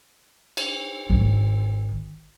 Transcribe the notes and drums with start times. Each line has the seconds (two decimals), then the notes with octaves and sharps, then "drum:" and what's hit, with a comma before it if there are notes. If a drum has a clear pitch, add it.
0.57 drum: cymbal
1.10 G#1 D#3